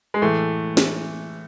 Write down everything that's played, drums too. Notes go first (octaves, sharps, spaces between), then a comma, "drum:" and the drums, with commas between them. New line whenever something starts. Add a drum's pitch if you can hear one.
G#3
A2 E3 A3
drum: snare